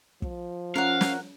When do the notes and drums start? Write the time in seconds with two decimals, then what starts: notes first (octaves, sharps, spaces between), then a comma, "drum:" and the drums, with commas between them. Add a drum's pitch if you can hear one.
0.22 F3, drum: kick
0.76 C#4 F4 A#4 C#5 F5 F#5
1.01 drum: snare